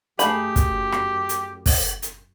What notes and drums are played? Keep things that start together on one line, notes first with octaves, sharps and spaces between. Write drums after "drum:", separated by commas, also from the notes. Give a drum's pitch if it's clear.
F#2 A3 G4 G#4 B5, drum: hi-hat
drum: kick, hi-hat
drum: rim click
drum: hi-hat
drum: kick, open hi-hat
drum: hi-hat